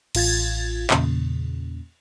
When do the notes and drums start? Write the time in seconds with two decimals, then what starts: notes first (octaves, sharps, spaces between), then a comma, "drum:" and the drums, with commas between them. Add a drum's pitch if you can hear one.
0.15 A1 F4 G#6 A6, drum: cymbal
0.90 E2 A#2 C#3, drum: clap